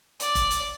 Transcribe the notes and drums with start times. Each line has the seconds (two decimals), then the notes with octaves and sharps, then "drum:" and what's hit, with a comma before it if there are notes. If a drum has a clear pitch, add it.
0.20 D5, drum: hi-hat
0.35 drum: kick F1, hi-hat
0.51 drum: hi-hat